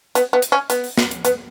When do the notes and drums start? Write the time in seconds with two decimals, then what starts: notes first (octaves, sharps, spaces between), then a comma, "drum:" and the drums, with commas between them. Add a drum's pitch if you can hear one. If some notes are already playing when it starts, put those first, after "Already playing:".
0.15 B3, drum: hi-hat
0.33 B3
0.42 drum: hi-hat
0.52 C#4
0.70 B3, drum: hi-hat
0.84 drum: open hi-hat
0.98 drum: snare
1.11 drum: hi-hat
1.25 B3, drum: hi-hat